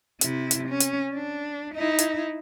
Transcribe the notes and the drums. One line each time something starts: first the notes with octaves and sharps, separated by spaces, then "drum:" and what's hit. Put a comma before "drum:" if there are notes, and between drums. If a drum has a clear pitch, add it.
C3 E4, drum: hi-hat
drum: hi-hat
C#4
drum: hi-hat
D4
D#4 E4
drum: hi-hat